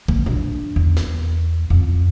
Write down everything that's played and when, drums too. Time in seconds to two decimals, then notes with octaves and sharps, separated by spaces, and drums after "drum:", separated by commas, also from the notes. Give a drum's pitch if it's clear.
0.08 A#3, drum: kick A1
0.26 D4, drum: tom G#2
0.76 E2
0.97 drum: snare
1.70 F2